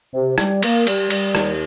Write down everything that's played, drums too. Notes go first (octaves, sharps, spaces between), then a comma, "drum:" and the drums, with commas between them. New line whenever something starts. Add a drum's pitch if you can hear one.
C3
G3, drum: rim click
A#3, drum: cymbal
G3, drum: cymbal
G3, drum: cymbal
D#2, drum: rim click